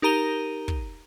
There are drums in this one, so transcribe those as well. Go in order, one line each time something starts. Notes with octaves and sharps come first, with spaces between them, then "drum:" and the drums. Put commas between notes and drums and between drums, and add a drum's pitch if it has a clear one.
D#4 G4 A#4 A#5 D#7 G7
drum: kick